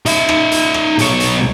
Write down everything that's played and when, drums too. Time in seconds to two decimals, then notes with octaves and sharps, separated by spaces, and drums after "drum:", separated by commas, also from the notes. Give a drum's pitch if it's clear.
0.06 D#4 E5, drum: hi-hat
0.29 drum: rim click
0.51 drum: hi-hat
0.74 drum: rim click
0.99 B1 C#5, drum: hi-hat
1.20 drum: hi-hat